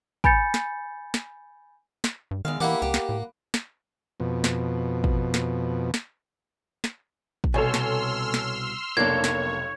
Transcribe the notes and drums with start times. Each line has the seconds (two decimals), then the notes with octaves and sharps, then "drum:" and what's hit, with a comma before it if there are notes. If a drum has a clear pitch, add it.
0.24 G#5 B5 G6 A6 C#7, drum: kick
0.54 drum: snare
1.14 drum: snare
2.04 drum: snare
2.31 G2
2.45 E2 D#3 G#3 F5
2.60 E3 A#3 E4 G4 F#5 D6
2.82 C#2 G4
2.94 drum: snare
3.09 A2
3.54 drum: snare
4.20 F2 B2
4.44 drum: snare
5.04 drum: kick
5.34 drum: snare
5.94 drum: snare
6.84 drum: snare
7.44 drum: kick
7.54 C2 B2 A4 C#5 G#5 C6 E6 F6
7.74 drum: snare
8.34 drum: snare
8.97 F1 B1 A#3 D4 C#5 G#6
9.24 drum: snare